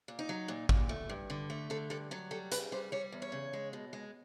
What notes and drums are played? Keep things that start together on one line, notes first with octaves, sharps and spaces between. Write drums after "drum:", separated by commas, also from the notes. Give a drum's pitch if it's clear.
A#2
D#4
F#3
A#2
A#2, drum: kick G#1
A3
G2
D3
A3
D3 A4
G2 A4
F#3 A4
G3 A4
C#3 B4, drum: hi-hat
G3 C5
G3 C#5
E2
C#5
C#3
G#3
B2
G#3